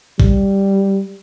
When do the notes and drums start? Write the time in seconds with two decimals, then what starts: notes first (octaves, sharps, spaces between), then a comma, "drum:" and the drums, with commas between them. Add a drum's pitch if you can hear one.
0.20 G3, drum: kick A1